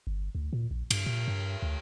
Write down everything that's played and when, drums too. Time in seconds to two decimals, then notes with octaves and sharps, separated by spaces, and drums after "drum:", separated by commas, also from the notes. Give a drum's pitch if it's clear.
0.07 G1
0.35 D2
0.53 A#2
0.71 A#1
0.91 G2, drum: cymbal
1.06 A#2
1.28 G2
1.62 D2